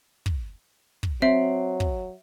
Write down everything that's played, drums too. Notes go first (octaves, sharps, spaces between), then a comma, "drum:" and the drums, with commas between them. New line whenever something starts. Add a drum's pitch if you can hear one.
drum: kick
drum: kick
F#3 C4 E5
drum: kick